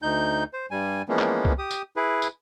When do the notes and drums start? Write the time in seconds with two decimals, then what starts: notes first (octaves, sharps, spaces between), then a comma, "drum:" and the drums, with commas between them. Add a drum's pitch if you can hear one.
0.02 D2 D#4 G6
0.53 C5
0.71 G2 G3 G#5
1.09 E3 F3 G#3 A#3 B3 C#4
1.19 drum: clap
1.45 drum: kick C2
1.58 G4 D#6
1.71 drum: tambourine
1.96 E4 G#4 B4
2.22 drum: tambourine